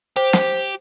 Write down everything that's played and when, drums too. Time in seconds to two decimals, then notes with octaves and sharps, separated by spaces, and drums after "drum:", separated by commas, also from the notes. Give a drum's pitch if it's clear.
0.16 G4 C5
0.33 drum: snare